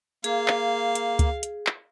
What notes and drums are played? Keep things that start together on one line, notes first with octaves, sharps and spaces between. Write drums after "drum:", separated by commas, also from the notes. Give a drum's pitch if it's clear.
A#3 G#4 F5, drum: hi-hat
drum: clap
drum: hi-hat
drum: kick C#2, hi-hat
drum: hi-hat
drum: clap